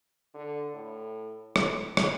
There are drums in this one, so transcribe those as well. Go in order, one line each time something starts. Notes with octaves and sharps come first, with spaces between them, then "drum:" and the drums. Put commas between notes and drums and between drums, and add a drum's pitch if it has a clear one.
D3
A2
A2, drum: rim click
drum: rim click